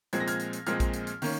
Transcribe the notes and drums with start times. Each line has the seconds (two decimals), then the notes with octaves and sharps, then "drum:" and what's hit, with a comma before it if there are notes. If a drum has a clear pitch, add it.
0.13 A#2 F3 G#3 C4 G#6, drum: hi-hat
0.20 A#6
0.28 F6 G#6, drum: hi-hat
0.40 drum: hi-hat
0.53 drum: hi-hat
0.67 A#2 F3 G#3 C4 F6 G#6, drum: hi-hat
0.80 drum: kick A#1, hi-hat
0.94 drum: hi-hat
1.07 drum: hi-hat
1.22 D#3 A#3 C#4, drum: open hi-hat